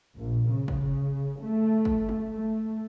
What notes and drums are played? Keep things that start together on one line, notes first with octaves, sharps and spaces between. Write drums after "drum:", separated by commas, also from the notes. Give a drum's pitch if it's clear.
A#1
C#3
drum: kick
A3
drum: kick
drum: tom G#3
A3